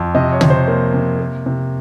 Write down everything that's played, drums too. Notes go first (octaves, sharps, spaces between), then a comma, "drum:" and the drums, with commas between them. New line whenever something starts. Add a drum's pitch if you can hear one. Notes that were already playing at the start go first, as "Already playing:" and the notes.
Already playing: F2
C3 D#5
C#5
C3, drum: tom
C5
A#3 C#5
C3
A#3
C3